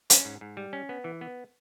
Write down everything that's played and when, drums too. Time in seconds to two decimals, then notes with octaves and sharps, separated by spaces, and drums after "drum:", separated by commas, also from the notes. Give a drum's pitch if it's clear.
0.10 C#4, drum: hi-hat
0.25 G#2
0.41 G#2
0.57 G3
0.73 C#4
0.89 B3
1.04 E3
1.21 B3